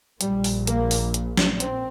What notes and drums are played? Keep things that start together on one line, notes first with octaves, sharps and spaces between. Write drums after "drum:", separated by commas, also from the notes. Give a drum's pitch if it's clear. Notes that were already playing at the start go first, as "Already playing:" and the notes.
A#1 A#2 G3, drum: hi-hat
drum: open hi-hat
A#3, drum: hi-hat
drum: open hi-hat
drum: hi-hat
drum: snare
C4, drum: hi-hat